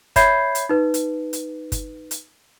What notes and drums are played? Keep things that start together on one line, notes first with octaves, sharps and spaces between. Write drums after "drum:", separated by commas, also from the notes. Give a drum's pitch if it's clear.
C#5 E5 B5 G6 G#6 C7, drum: kick G1, hi-hat
drum: hi-hat
D#4 B4
drum: hi-hat
drum: hi-hat
drum: kick G1, hi-hat
drum: hi-hat